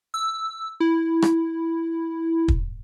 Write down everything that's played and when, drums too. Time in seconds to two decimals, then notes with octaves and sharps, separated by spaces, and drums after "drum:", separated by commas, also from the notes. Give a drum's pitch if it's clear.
0.14 E6
0.80 E4
1.22 drum: rim click
2.48 drum: kick